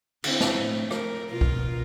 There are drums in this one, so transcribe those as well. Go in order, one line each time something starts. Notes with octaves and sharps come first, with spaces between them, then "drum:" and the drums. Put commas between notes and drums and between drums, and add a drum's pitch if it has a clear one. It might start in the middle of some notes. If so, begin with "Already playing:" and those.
D3 C4 E4, drum: cymbal
drum: snare
A2
A#4, drum: rim click
B2 F4 A#4
drum: kick C2